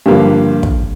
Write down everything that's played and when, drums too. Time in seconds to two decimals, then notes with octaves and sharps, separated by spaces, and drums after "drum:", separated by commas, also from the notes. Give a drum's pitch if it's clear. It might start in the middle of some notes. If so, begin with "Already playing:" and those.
0.06 G2 D3 F3 A#3
0.63 drum: kick